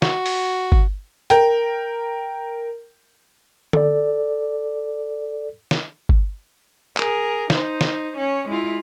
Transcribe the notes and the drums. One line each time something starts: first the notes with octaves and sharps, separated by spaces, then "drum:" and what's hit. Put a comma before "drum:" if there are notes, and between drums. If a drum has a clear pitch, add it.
F#4, drum: snare
drum: open hi-hat
drum: kick G1
A#4 G5, drum: hi-hat
A4 D5, drum: tom D3
drum: snare
drum: kick G1
G#4 A#4, drum: clap
D#4 C5, drum: snare
drum: snare
C#4 C#5
G#3 E4 F4